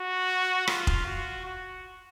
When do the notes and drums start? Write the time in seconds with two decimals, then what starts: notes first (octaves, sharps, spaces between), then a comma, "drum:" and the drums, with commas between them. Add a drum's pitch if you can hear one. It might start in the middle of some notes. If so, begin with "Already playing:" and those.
Already playing: F#4
0.68 F4, drum: rim click
0.87 drum: kick F1
1.06 F#4
1.45 F#4